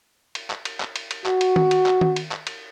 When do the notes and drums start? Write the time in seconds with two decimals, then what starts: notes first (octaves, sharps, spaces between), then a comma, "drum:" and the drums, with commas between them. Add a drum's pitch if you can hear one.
0.35 drum: cymbal
0.50 drum: clap
0.65 drum: cymbal
0.80 drum: clap
0.96 drum: cymbal
1.11 drum: cymbal
1.26 F#4, drum: clap
1.41 drum: cymbal
1.56 drum: tom D#3
1.71 drum: cymbal
1.86 drum: clap
2.01 drum: tom D#3
2.16 drum: cymbal
2.32 drum: clap
2.47 drum: cymbal